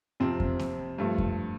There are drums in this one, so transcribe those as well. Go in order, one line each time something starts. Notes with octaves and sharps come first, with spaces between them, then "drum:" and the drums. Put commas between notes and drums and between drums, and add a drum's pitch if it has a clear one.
F2 C3 F3 C4
drum: kick F2
drum: snare A#3
G2 F3 A3
drum: kick F2